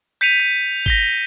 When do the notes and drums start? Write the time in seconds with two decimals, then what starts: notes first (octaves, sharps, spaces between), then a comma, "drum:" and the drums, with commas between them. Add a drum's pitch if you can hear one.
0.21 G6 B6 C#7 D#7 F7
0.40 B6
0.86 A#6 B6 G7, drum: kick